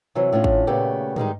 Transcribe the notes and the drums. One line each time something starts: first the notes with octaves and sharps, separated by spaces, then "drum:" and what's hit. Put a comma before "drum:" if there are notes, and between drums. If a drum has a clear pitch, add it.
C3 E3 F#3
A2 C#4 D4 F4
drum: kick G#1
A#2 C#3 A3 B3 G4
D#3 G3 G#3 D#4, drum: tom